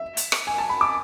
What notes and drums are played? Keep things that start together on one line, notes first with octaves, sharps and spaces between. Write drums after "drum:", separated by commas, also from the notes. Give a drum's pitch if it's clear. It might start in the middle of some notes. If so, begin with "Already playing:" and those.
Already playing: E5
drum: hi-hat
drum: rim click
G#5
A5
B5
D6